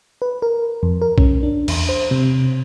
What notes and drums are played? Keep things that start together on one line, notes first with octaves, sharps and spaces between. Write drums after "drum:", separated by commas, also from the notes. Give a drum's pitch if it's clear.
B4
A#4
F2
A#4
C#4, drum: kick B1
D4
E2, drum: cymbal
C5
C3